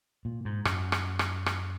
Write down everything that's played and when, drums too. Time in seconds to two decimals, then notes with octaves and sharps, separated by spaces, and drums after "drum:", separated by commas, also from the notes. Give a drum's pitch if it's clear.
0.25 A#2
0.45 G#2
0.65 F#2, drum: rim click
0.92 drum: rim click
1.19 drum: rim click
1.46 drum: rim click